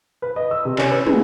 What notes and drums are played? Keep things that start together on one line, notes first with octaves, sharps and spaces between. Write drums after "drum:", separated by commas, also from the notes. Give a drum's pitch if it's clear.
B4
D#5
E6
C3
C#4, drum: clap
B4
G#3, drum: tom